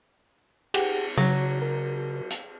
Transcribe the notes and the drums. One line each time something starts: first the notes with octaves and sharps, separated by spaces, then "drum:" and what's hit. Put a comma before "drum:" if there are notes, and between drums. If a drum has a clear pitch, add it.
G4 G#4 F#5, drum: cymbal
C#3 F#3 F#4 C#5
A#4
drum: hi-hat